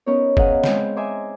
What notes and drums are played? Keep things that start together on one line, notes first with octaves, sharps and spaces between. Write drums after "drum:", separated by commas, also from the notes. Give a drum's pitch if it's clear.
B3 C#4 D#4 A#4 C#5
G#4 B4 D#5 F5 F#5 A#5, drum: kick
G#3 C4 B4 G5 B5, drum: snare
D#5 E5 G#5 A#5 C6 D6